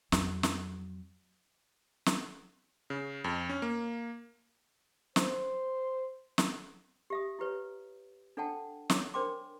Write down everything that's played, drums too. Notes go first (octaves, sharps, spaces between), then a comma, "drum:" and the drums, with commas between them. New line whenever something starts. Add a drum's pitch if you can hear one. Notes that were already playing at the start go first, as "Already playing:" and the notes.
F2 F#3, drum: snare
drum: snare
drum: snare
C#3
F2
C#4
A#3
C5, drum: snare
drum: snare
G4 E5 D#6
E4 G4 B4 C#5
D4 A4 C#5 F#5 G5 A5
C#5 D6, drum: snare
D4 A#4 C5 G5 C6 D6